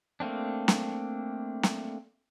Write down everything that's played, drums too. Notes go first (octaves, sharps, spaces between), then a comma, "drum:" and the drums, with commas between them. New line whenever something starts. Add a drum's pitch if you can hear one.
A3 A#3 C4 D4
drum: snare
drum: snare